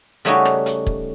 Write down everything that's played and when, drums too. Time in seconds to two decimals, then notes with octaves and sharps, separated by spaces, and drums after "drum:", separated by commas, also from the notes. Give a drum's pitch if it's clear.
0.25 C#3 G3 A3 C#4 D#4 F#4
0.45 drum: rim click
0.66 drum: hi-hat
0.87 drum: kick